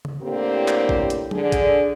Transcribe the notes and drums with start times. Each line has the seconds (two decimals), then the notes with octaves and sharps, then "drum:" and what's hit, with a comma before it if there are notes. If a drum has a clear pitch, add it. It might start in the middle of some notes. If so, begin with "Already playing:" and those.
0.05 drum: tom C#3
0.22 A2 D3 A#3 C4 G4
0.68 drum: clap
0.89 drum: kick
1.10 drum: hi-hat
1.31 D3 G#4, drum: tom F#3
1.52 drum: kick, hi-hat